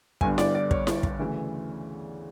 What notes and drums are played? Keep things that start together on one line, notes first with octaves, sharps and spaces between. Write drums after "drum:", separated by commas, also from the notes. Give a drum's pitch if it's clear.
G1 G2 D3 G#5, drum: kick
D5, drum: snare E4
D5
C#5, drum: kick
drum: snare E4
drum: kick
D2 C#3 E3